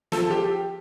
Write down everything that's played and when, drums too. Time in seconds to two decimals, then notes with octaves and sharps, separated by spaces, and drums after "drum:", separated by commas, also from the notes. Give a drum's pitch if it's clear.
0.12 F3 A4, drum: snare
0.30 G4